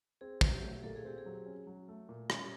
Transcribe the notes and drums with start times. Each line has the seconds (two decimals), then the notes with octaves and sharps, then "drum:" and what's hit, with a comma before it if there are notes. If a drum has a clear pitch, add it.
0.21 C4 G#4
0.41 F#3, drum: kick
0.52 G4
0.62 A3
0.83 A#2 A4
0.96 G#4
1.05 C4 G4
1.18 G#4
1.26 F#3
1.46 C#4
1.67 F#3
1.88 A3
2.09 A#2
2.30 C#4, drum: rim click